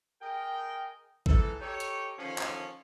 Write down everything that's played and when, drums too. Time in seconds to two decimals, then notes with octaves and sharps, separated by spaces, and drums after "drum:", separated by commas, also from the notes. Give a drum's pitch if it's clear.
0.21 G#4 A#4 D#5 G5
1.26 G#2 E3 A4, drum: kick A1
1.60 D#4 G4 A4 C#5
1.80 drum: hi-hat
2.18 D3 D#3 F3 C#4
2.38 drum: clap